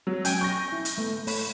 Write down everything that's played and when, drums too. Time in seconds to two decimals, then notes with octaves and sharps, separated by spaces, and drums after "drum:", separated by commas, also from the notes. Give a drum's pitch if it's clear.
0.07 F#3
0.25 C#4 G5 G#5 G6, drum: hi-hat
0.41 C#6 G6 A#6
0.72 E4
0.85 drum: hi-hat
0.97 A3 B3
1.27 A3 C#5 B5, drum: open hi-hat